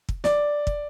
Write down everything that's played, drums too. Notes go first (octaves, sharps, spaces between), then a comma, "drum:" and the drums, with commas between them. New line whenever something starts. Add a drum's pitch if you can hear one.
drum: kick
D5, drum: snare
drum: kick